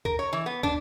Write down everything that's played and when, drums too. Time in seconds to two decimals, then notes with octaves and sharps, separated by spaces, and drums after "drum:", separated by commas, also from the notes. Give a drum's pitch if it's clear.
0.05 A#4, drum: kick
0.19 C#5
0.33 E3
0.46 B3
0.63 D4, drum: kick